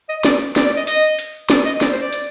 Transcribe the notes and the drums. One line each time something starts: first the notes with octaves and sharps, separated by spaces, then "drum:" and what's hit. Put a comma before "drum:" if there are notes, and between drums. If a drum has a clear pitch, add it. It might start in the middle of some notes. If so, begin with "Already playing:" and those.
D#5
D5, drum: snare
D5, drum: snare
D5
D#5
D#5, drum: hi-hat
drum: hi-hat
D5, drum: snare
D#5
D5, drum: snare
C5
D5
drum: hi-hat